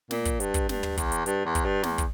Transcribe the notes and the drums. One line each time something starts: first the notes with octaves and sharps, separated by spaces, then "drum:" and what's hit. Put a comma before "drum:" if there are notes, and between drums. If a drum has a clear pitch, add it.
A#2, drum: snare
drum: kick, hi-hat
G2, drum: hi-hat
drum: kick, hi-hat
G2, drum: snare
drum: tom
E2, drum: kick, hi-hat
drum: hi-hat
G2, drum: hi-hat
E2
drum: kick, hi-hat
G2
E2, drum: snare
drum: kick, hi-hat